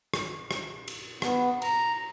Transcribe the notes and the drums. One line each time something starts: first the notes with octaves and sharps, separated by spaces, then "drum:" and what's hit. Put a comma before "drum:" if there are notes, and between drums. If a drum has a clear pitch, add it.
drum: rim click
drum: rim click
drum: cymbal
B3, drum: rim click
A#5, drum: cymbal